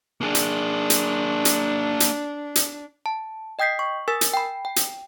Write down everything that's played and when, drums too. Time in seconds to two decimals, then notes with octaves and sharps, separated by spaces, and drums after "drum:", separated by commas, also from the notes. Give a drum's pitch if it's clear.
0.21 A#3 D4 G#4
0.35 drum: hi-hat
0.90 drum: hi-hat
1.45 drum: hi-hat
2.00 drum: hi-hat
2.55 drum: hi-hat
3.06 A5
3.59 D#5 G5 D#6 G6 B6 C7
3.79 C#6
4.08 A#4 G#5 E6 A6
4.21 drum: hi-hat
4.34 G5 B5
4.65 G5
4.76 drum: hi-hat